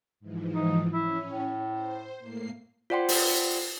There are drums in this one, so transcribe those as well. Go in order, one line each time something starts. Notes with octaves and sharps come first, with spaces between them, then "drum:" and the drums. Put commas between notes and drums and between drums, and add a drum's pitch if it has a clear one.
G#2 E3 F3
D#4
C#4 E4
A2
C5
A2 A#3 C7
F4 C5 D5 F#5 G5 C6
drum: open hi-hat